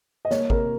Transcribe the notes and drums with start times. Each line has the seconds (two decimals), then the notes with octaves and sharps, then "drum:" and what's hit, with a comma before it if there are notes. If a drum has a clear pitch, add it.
0.25 D#5
0.31 A#3 C#5, drum: snare
0.50 C3 A#4, drum: kick